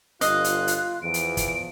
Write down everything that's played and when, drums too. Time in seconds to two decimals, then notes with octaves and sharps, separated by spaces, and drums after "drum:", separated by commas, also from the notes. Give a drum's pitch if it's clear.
0.21 G1 F4 D#5 F5 F#6, drum: hi-hat
0.44 drum: hi-hat
0.68 drum: hi-hat
1.03 E2 F3 D7
1.14 drum: hi-hat
1.37 drum: kick, hi-hat